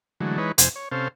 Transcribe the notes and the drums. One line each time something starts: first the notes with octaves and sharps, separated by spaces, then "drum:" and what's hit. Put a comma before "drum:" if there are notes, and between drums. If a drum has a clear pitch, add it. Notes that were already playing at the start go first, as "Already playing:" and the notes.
D3 E3 F#3 G#3 A3
E3 G#3 D#4 B4 C#5
F2 C3 C5 G#5, drum: hi-hat
C#5
C3 C#4 A4 C5 F5